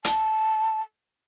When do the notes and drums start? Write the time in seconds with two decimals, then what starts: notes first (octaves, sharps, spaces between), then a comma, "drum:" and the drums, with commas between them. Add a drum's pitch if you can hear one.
0.05 A5, drum: hi-hat